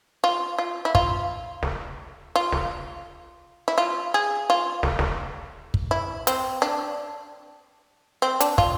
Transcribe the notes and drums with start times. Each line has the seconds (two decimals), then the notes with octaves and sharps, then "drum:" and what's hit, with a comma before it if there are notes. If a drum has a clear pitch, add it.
0.24 F4
0.58 F4
0.85 E4
0.95 F4, drum: kick
1.63 drum: snare
2.36 F4
2.53 drum: snare
3.68 E4
3.78 F4
4.14 G#4
4.50 F4
4.83 drum: snare
4.99 drum: snare
5.74 drum: kick
5.91 E4
6.27 C4, drum: hi-hat
6.62 D4
8.22 C4
8.40 D4, drum: hi-hat
8.58 F4, drum: kick